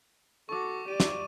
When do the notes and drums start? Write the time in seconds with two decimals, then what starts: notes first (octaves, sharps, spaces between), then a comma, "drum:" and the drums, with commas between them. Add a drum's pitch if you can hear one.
0.49 F#4 A4 C#6 D6
0.88 G4 D5 D#7
1.00 drum: snare